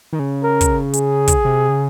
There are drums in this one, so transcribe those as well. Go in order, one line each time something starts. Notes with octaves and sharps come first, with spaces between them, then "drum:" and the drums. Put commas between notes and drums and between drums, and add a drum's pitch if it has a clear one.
D#3
C#3
A#4
drum: kick, hi-hat
G#4, drum: hi-hat
drum: kick, hi-hat
C3
C#3